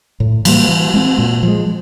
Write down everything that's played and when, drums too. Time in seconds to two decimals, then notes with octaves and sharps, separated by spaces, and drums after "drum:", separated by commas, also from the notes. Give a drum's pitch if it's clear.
0.20 A2
0.45 E3 G3 A#3, drum: cymbal
0.69 E3
0.94 G#3 C4
1.18 A#2
1.43 F3 G#3